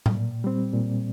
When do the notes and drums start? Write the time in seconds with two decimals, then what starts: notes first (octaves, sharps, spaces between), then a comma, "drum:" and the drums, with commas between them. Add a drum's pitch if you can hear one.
0.06 drum: tom A2
0.15 A#2
0.44 G3 C4
0.73 A#2